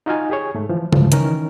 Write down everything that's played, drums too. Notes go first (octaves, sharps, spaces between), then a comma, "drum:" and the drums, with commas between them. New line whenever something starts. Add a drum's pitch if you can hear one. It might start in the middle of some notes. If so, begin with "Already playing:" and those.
D#4 F4 F#4 D#5 F5 G#5
G4 G#4 C#5
G#2 A3
E3 F3
C#2 G2 E3 F3, drum: tom C#3
D#3 E3 C#4 A#4, drum: hi-hat